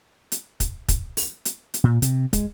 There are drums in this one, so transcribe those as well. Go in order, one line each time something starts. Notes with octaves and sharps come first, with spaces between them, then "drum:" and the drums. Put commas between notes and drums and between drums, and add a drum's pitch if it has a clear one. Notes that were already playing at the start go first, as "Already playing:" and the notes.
drum: hi-hat
drum: kick, hi-hat
drum: kick, hi-hat
drum: open hi-hat
drum: hi-hat
drum: hi-hat
A#2
C3, drum: hi-hat
G#3, drum: kick, hi-hat